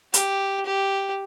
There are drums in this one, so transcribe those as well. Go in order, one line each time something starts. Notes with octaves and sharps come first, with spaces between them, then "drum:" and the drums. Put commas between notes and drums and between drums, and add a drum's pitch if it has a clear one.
G4, drum: hi-hat
G4